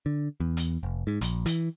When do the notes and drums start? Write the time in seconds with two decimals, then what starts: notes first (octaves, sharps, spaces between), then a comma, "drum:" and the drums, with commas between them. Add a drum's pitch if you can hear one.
0.06 D3
0.40 E2
0.57 drum: hi-hat
0.83 F1
1.07 G#2
1.21 A#1, drum: hi-hat
1.46 E3, drum: hi-hat